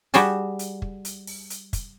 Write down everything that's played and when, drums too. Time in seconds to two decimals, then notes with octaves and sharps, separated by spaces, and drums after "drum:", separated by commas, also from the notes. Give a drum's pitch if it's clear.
0.14 G3 F#4 G#4 G5 A5, drum: hi-hat
0.59 drum: hi-hat
0.82 drum: kick
1.05 drum: hi-hat
1.27 drum: open hi-hat
1.50 drum: hi-hat
1.73 drum: kick, hi-hat